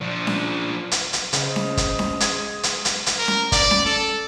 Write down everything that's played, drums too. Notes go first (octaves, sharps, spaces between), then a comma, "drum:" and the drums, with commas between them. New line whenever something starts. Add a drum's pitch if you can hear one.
F3 D4
drum: snare C#4
drum: hi-hat
drum: hi-hat
C#3 C5 D#5, drum: hi-hat
drum: snare C#4
drum: kick, hi-hat
drum: snare C#4
G#3 D#6 G#6, drum: hi-hat
drum: hi-hat
drum: hi-hat
drum: hi-hat
A#4
drum: snare C#4
D5, drum: kick, hi-hat
drum: snare C#4
A4